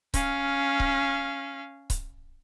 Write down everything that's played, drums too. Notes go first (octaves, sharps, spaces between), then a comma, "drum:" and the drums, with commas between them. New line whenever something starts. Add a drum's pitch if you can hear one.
C#4 F5, drum: kick C#1, hi-hat
drum: kick C#1
drum: kick C#1, hi-hat